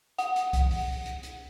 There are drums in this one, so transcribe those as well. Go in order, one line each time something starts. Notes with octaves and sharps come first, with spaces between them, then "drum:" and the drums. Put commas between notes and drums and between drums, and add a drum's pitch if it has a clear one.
F#5, drum: hi-hat
drum: hi-hat
drum: kick C2, hi-hat
drum: open hi-hat
drum: hi-hat
drum: hi-hat